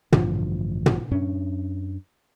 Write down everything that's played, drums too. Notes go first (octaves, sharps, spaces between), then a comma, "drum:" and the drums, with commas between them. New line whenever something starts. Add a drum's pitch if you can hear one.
A1 G2 D3 F3, drum: tom
drum: tom
F#2 C#4 D4